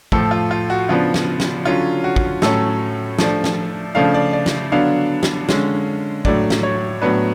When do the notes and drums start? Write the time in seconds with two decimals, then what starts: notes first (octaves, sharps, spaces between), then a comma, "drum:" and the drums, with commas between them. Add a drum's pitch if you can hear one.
0.12 A2 F3 A3 A4, drum: kick
0.31 F4
0.51 F4
0.70 F#4
0.89 C#3 F3 B3 D4 F4
1.14 drum: snare
1.40 drum: snare
1.65 D3 F#3 C#4 F4
2.04 F#4
2.16 drum: kick
2.42 A2 F#3 C#4 A4, drum: snare
3.19 F3 A3 D4, drum: snare
3.44 drum: snare
3.95 C#3 F3 A3 D4 F5
4.14 D5
4.33 D5
4.46 drum: snare
4.72 D3 F#3 B3 D4 F5
5.23 drum: snare
5.49 D3 G#3 C#4, drum: snare
6.25 A2 F#3 A3 D4 D5, drum: kick
6.50 drum: snare
6.63 C#5
7.02 A2 F#3 B3 D4 B4